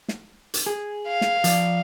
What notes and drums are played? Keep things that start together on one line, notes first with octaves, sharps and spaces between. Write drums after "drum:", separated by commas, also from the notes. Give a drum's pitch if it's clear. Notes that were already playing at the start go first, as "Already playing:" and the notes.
drum: snare
drum: hi-hat
G#4
F5
drum: snare
F3 D5, drum: hi-hat